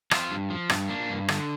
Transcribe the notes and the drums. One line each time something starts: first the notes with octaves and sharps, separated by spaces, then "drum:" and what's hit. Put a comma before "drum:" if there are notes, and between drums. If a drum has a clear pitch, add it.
C4 F4, drum: rim click
G2
F3
G2, drum: rim click
A#3 D4
G2
D3, drum: rim click